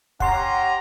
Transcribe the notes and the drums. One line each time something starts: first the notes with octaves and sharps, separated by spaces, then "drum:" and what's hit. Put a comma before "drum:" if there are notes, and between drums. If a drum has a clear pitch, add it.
C#4 G4 F#5 A#5 C6, drum: kick